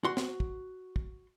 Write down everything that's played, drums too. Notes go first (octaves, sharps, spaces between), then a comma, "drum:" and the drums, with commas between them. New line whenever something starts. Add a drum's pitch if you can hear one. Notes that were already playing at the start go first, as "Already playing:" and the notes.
F#4 C6
drum: snare
drum: kick
drum: kick